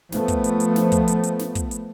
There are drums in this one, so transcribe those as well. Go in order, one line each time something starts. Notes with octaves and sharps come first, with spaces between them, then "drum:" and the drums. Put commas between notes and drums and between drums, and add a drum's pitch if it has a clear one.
F3 A3 B3, drum: snare
drum: kick, hi-hat
drum: hi-hat
drum: hi-hat
drum: snare
drum: kick, hi-hat
drum: hi-hat
drum: hi-hat
drum: snare
drum: kick, hi-hat
drum: hi-hat